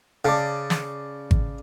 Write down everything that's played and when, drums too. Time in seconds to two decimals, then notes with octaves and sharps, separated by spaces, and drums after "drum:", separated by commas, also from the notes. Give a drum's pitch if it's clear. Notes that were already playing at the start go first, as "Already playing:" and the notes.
0.25 C#3 D5 A5
0.70 drum: snare
1.31 drum: kick G#1